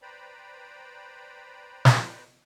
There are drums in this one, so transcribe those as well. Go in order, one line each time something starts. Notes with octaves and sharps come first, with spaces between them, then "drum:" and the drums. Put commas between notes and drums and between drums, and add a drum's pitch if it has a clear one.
B4 C5 D5 G5 A#5 B5
drum: snare